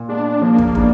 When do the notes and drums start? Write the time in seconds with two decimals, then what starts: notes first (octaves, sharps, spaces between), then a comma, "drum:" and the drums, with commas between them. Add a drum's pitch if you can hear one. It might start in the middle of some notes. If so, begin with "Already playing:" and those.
Already playing: A#2
0.09 G#3 B3 D4
0.42 F3 A#3
0.58 drum: kick
0.75 G#3 B3 D4, drum: kick